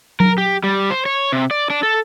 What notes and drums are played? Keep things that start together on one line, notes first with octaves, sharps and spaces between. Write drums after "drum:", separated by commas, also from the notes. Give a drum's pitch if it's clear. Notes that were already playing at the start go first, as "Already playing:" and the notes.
A#4, drum: tom F#3
G4
G3
C5
C#5
C3
D5
D4
A4